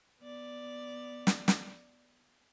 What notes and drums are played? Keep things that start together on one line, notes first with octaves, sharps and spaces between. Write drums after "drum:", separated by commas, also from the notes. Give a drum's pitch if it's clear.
B3 D5
drum: snare
drum: snare